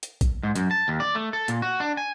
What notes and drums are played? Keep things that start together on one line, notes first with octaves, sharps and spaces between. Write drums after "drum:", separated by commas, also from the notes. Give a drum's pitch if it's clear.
drum: hi-hat
drum: kick, hi-hat
G#2
F#2, drum: hi-hat
A5
D#2
D5
A3
A4
A#2, drum: hi-hat
F#4
D4
G#5